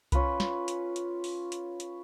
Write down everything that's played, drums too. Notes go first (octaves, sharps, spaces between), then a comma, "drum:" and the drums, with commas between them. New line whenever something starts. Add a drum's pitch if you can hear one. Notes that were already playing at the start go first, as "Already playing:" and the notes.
C#4 F4 B4, drum: kick C2, hi-hat
drum: snare
drum: hi-hat
drum: hi-hat
drum: open hi-hat
drum: hi-hat
drum: hi-hat